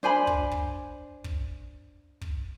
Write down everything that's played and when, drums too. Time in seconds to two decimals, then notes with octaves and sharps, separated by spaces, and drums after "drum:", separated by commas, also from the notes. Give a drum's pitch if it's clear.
0.03 D4 C5 G#5 B5
0.27 drum: kick
0.51 drum: kick
1.24 drum: kick
2.21 drum: kick